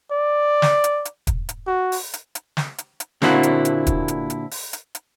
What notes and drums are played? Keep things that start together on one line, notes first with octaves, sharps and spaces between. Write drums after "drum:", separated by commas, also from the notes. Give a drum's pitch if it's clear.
D5
drum: snare
drum: hi-hat
drum: hi-hat
drum: kick, hi-hat
drum: hi-hat
F#4
drum: open hi-hat
drum: hi-hat
drum: hi-hat
drum: snare
drum: hi-hat
drum: hi-hat
A#2 D3 A#3 C4 E4 F#4, drum: snare
drum: hi-hat
drum: hi-hat
drum: kick, hi-hat
drum: hi-hat
drum: hi-hat
drum: open hi-hat
drum: hi-hat
drum: hi-hat